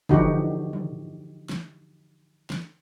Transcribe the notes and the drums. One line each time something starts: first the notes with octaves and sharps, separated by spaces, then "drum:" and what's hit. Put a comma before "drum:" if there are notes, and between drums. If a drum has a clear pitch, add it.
D3 E3 F3 D#4 F#4 G4, drum: kick
drum: tom
drum: snare
drum: snare